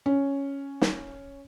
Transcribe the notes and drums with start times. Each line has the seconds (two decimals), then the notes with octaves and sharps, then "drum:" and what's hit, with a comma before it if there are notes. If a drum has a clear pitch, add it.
0.06 C#4
0.81 drum: snare